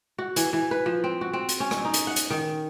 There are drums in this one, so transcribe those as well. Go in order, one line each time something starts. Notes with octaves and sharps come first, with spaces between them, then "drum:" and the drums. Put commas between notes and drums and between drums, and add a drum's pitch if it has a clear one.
F#4
E3, drum: hi-hat
E3
B4
F3
C4
F#4
C4
drum: hi-hat
C#4
drum: rim click
D#4
drum: hi-hat
F#5
drum: hi-hat
D#3